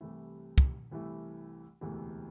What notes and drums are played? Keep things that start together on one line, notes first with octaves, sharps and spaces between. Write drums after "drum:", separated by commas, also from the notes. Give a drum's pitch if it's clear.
C2 C3 E3 A3 E4
drum: kick
C2 C3 E3 A3 E4
E1 D2 C3 E3 A3